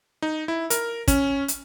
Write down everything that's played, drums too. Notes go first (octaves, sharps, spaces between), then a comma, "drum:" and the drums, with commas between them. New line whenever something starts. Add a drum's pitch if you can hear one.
D#4
E4
A#4, drum: hi-hat
C#4, drum: kick, hi-hat
drum: hi-hat